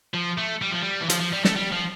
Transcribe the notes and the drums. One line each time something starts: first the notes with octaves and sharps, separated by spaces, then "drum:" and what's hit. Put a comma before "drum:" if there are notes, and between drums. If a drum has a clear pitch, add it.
F3
A3
G3
F3
G3
E3
F3, drum: hi-hat
F3
G3
A3, drum: snare
G3
F3